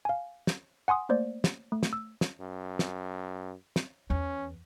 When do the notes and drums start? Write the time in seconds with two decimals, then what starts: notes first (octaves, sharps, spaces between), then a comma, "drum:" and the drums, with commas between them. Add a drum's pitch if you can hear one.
0.05 F5 G#5
0.47 drum: snare
0.88 F#5 G#5 C6 D#6
1.09 A3 A#3 C5 D5
1.44 drum: snare
1.72 A3
1.83 drum: snare
1.93 E6
2.21 drum: snare
2.41 F#2
2.79 drum: snare
3.76 drum: snare
4.10 E2 C#4